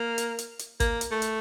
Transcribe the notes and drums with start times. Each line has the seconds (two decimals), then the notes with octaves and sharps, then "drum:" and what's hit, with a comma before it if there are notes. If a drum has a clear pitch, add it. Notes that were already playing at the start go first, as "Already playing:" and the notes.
Already playing: A#3
0.18 drum: hi-hat
0.39 drum: hi-hat
0.59 drum: hi-hat
0.80 A#3, drum: kick, hi-hat
1.01 drum: hi-hat
1.11 A3
1.22 drum: hi-hat